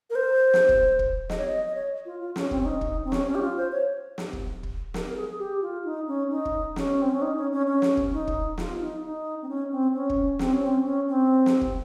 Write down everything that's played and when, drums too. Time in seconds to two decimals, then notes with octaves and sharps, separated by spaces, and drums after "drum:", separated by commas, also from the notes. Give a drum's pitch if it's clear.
0.10 A#4
0.15 C5
0.54 drum: snare
0.69 drum: kick
0.99 drum: kick
1.30 D#5, drum: snare
1.38 C#5
1.47 D#5
1.65 D#5
1.75 C#5
2.05 F4
2.20 F4
2.36 C#4, drum: snare
2.51 C4, drum: kick
2.59 C#4
2.65 D#4
2.81 drum: kick
3.05 C4
3.12 C#4, drum: snare
3.27 C#4
3.35 G4
3.42 F4
3.57 C5
3.72 C#5
4.18 drum: snare
4.33 drum: kick
4.63 drum: kick
4.94 A#4, drum: snare
5.10 A#4
5.16 G#4
5.39 G4
5.62 F4
5.85 D#4
6.07 C#4
6.30 D#4
6.45 drum: kick
6.76 C#4, drum: snare
7.02 C4
7.12 C#4
7.22 D#4
7.37 C#4
7.52 C#4
7.67 C#4
7.82 drum: snare
7.97 drum: kick
8.13 D#4
8.27 drum: kick
8.58 F4, drum: snare
8.80 D#4
9.03 D#4
9.42 C4
9.49 C#4
9.72 C4
9.95 C#4
10.10 drum: kick
10.39 C4, drum: snare
10.53 C#4
10.66 C4
10.85 C#4
11.08 C4
11.46 drum: snare
11.61 drum: kick